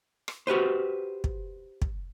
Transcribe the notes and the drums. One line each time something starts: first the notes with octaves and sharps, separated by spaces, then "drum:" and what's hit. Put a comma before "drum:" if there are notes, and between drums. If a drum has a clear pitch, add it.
drum: rim click
F#4 G4 B4 C5
drum: kick
drum: kick